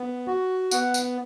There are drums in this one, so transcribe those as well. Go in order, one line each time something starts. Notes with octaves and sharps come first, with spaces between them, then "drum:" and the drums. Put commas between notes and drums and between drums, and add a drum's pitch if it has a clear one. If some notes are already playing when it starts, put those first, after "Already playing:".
Already playing: B3
F#4
B3 F#5, drum: tambourine
drum: tambourine